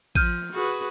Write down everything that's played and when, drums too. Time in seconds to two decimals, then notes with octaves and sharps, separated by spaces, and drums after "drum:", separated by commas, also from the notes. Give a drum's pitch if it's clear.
0.15 F3 F6 G6 D#7, drum: kick, cymbal
0.53 F#4 G#4 B4